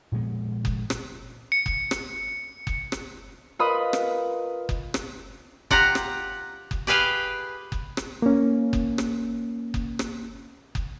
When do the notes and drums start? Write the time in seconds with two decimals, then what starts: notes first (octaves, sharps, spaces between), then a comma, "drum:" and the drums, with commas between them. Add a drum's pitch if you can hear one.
0.12 A#2 F3 G#3 B3
0.65 drum: kick F#1
0.90 drum: rim click
1.52 C#7
1.66 drum: kick F#1
1.91 drum: rim click
2.67 drum: kick F#1
2.92 drum: rim click
3.59 F4 A#4 B4 D#5 B5 D#6
3.93 drum: rim click
4.69 drum: kick F#1
4.94 drum: rim click
5.71 F4 G4 F#5 A#5, drum: kick F#1
5.95 drum: rim click
6.71 drum: kick F#1
6.87 G4 G#4 B4 F5 G5
7.72 drum: kick F#1
7.97 drum: rim click
8.22 A#3 C#4
8.73 drum: kick F#1
8.98 drum: rim click
9.74 drum: kick F#1
9.99 drum: rim click
10.75 drum: kick F#1